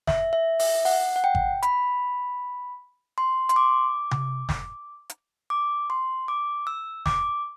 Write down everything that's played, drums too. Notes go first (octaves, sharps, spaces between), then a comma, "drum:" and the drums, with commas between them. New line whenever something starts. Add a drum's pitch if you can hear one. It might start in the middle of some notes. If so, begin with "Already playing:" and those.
E5, drum: snare
E5
E5, drum: open hi-hat
F#5, drum: open hi-hat
F#5
G5
drum: kick G#1
B5, drum: hi-hat
C6
C6, drum: hi-hat
D6
drum: tom C3
drum: snare
drum: hi-hat
D6
C6
D6
E6
D6, drum: snare